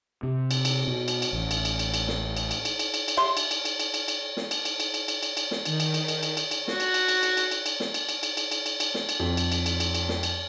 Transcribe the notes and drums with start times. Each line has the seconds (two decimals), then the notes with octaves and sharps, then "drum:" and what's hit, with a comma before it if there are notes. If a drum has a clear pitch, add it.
0.23 C3
0.51 drum: cymbal
0.65 drum: cymbal
0.87 B2
1.08 drum: cymbal
1.22 drum: cymbal
1.33 A1
1.51 drum: cymbal
1.65 drum: cymbal
1.79 drum: cymbal
1.94 drum: cymbal
2.08 drum: snare
2.37 drum: cymbal
2.51 drum: cymbal
2.65 drum: cymbal
2.79 drum: cymbal
2.94 drum: cymbal
3.08 drum: cymbal
3.17 G4 E5 C6
3.37 drum: cymbal
3.51 drum: cymbal
3.65 drum: cymbal
3.80 drum: cymbal
3.94 drum: cymbal
4.08 drum: cymbal
4.37 drum: snare
4.51 drum: cymbal
4.65 drum: cymbal
4.80 drum: cymbal
4.94 drum: cymbal
5.08 drum: cymbal
5.23 drum: cymbal
5.37 drum: cymbal
5.51 drum: snare
5.65 D#3, drum: cymbal
5.80 drum: cymbal
5.94 drum: cymbal
6.08 drum: cymbal
6.23 drum: cymbal
6.37 drum: cymbal
6.51 drum: cymbal
6.68 F#4, drum: snare
6.80 drum: cymbal
6.94 drum: cymbal
7.09 drum: cymbal
7.23 drum: cymbal
7.37 drum: cymbal
7.51 drum: cymbal
7.66 drum: cymbal
7.80 drum: snare
7.94 drum: cymbal
8.09 drum: cymbal
8.23 drum: cymbal
8.37 drum: cymbal
8.52 drum: cymbal
8.66 drum: cymbal
8.80 drum: cymbal
8.94 drum: snare
9.09 drum: cymbal
9.20 F2
9.37 drum: cymbal
9.52 drum: cymbal
9.66 drum: cymbal
9.80 drum: cymbal
9.95 drum: cymbal
10.09 drum: snare
10.23 drum: cymbal